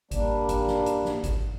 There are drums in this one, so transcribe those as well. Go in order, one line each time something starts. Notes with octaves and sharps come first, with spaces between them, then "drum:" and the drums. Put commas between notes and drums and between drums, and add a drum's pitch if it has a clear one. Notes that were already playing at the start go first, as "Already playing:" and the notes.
G3 A#3 D4, drum: kick G#1, hi-hat
drum: kick G#1, hi-hat
drum: snare
drum: hi-hat
drum: snare
drum: kick G#1, hi-hat